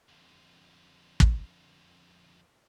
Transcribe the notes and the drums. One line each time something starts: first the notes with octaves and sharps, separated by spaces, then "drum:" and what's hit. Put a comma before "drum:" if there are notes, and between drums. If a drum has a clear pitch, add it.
F2 D3
drum: kick